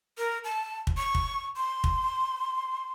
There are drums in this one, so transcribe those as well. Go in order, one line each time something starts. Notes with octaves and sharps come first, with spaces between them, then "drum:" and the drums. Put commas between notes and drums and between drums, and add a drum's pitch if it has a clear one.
A#4
A5
drum: kick
C#6
drum: kick
C6
drum: kick